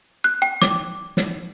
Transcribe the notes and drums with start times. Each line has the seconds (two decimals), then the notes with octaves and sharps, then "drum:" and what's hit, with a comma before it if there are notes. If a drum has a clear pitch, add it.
0.24 F#6
0.42 G5
0.62 D6, drum: snare
1.17 drum: snare